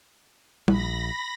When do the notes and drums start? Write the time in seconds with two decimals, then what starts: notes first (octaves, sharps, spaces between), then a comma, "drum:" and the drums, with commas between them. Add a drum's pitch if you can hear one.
0.68 A#1 B5 A#6, drum: tom